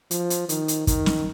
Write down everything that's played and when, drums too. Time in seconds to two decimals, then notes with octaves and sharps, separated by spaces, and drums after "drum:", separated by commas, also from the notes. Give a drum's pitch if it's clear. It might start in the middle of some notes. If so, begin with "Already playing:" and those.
0.11 F3, drum: hi-hat
0.30 drum: hi-hat
0.49 D#3, drum: hi-hat
0.68 drum: hi-hat
0.87 D#3, drum: kick, hi-hat
1.06 drum: snare